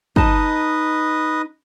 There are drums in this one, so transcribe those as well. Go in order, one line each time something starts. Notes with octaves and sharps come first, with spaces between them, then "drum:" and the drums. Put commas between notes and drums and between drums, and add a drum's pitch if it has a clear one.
D#4 B4 D#5 A5 D#6, drum: kick